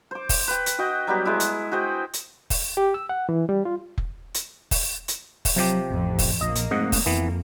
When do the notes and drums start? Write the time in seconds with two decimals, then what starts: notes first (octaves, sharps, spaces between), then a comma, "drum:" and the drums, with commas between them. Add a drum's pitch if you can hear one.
0.11 C5 D6
0.29 drum: kick F1, open hi-hat
0.48 B4 G5
0.66 drum: hi-hat
0.78 F#4 D#5 F#5 G5
1.07 F#3 G3 B3 G4
1.25 G#3 E4
1.40 drum: hi-hat
1.72 F#4 G#4 C5 G5
2.13 drum: hi-hat
2.50 drum: kick F1, open hi-hat
2.77 G4
2.94 E6
3.09 F#5
3.29 E3
3.49 G3
3.65 F4
3.98 drum: kick F1
4.34 drum: hi-hat
4.71 drum: kick F1, open hi-hat
5.08 drum: hi-hat
5.45 drum: kick F1, open hi-hat
5.56 C3 F3 F#3 G4
5.90 A1 F2
6.19 drum: kick F1, open hi-hat
6.41 A#1 A#2 A#3 D#5
6.55 drum: hi-hat
6.71 G#2 A3 C4 D#5 F#5
6.92 drum: kick F1, open hi-hat
7.06 F2 E3 B3 C4